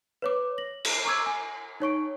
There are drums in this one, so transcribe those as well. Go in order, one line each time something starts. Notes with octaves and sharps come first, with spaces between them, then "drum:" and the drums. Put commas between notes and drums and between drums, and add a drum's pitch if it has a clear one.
B4 C#5 D6
A#6 F#7
drum: cymbal
A#5 C#6 D6 E6 G#6
G#5
D#4 C#5 C#6 D7